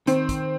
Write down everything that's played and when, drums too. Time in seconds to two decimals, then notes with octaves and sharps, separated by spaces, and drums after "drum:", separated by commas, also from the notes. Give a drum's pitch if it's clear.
0.07 D#3 C4, drum: hi-hat
0.29 drum: kick, hi-hat